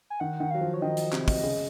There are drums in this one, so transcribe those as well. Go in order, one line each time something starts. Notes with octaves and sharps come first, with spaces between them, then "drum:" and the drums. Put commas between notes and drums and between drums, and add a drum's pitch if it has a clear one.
G#5
D#3 F#5
D#3
F#3 F5
F3
C#5
D#3 D#5
drum: hi-hat
C3, drum: clap
drum: kick, open hi-hat
C#3